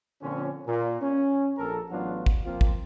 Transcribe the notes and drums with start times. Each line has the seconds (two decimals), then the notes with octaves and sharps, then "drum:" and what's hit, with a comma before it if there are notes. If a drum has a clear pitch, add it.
0.21 A#2 D3 F3 C4 C#4
0.67 A#2
1.01 C#4
1.58 A#1 A4 A#4
1.91 A1 F#3 B3 D4 F4 F#4
2.26 drum: kick
2.45 F3 A#3 C4 F4
2.61 drum: kick